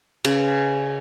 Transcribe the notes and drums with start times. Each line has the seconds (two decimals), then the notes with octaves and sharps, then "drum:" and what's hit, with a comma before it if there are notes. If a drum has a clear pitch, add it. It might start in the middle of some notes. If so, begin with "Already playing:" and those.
0.25 C#3, drum: cymbal